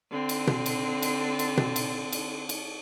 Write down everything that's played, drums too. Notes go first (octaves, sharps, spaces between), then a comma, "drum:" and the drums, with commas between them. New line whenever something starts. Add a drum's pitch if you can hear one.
D3 C4
drum: cymbal
drum: tom B2
drum: cymbal
drum: cymbal
drum: cymbal
drum: tom B2
drum: cymbal
drum: cymbal
drum: cymbal